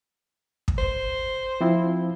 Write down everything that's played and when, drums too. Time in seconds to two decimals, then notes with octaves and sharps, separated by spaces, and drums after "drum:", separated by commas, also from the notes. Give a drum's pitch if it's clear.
0.68 drum: kick
0.78 C5
1.61 F3 C4 E4